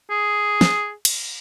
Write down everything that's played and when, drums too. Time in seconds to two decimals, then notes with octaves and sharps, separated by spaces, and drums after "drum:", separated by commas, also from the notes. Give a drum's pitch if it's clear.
0.10 G#4
0.61 drum: snare
1.05 drum: cymbal